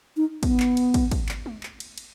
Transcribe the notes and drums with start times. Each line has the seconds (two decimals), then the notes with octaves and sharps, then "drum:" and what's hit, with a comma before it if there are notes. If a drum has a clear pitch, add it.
0.17 D#4
0.43 B3, drum: kick, cymbal
0.60 drum: clap
0.77 drum: cymbal
0.94 drum: kick, cymbal
1.11 drum: kick, cymbal
1.29 drum: clap
1.46 drum: tom G#3
1.63 drum: clap
1.80 drum: cymbal
1.98 drum: cymbal